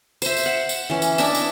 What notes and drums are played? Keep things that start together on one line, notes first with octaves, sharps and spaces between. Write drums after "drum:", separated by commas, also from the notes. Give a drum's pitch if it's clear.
C5 E5, drum: tambourine
drum: tambourine
F#5
drum: tambourine
E3 C#4
drum: tambourine
D4 E4 D#5 E5, drum: tambourine
drum: tambourine